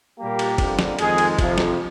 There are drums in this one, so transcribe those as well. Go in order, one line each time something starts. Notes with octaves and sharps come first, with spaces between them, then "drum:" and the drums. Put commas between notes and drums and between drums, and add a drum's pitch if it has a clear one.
A#2 G3 A#3 G4
drum: cymbal
F2 D3 G3 A#3, drum: kick F#1, cymbal
drum: snare
F2 D#3 G#3 G#4, drum: cymbal
drum: cymbal
F2 C3 F3, drum: kick F#1, cymbal
drum: snare